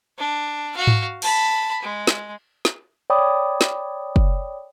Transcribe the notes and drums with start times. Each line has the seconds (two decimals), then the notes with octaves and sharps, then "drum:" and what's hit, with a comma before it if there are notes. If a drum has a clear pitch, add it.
0.18 D4
0.74 F#4 F5
0.87 drum: tom G#2
1.22 A5 B5, drum: cymbal
1.82 G#3
2.07 drum: snare
2.65 drum: snare
3.10 C#5 D5 G5 B5 D6 D#6
3.61 drum: snare
4.16 drum: kick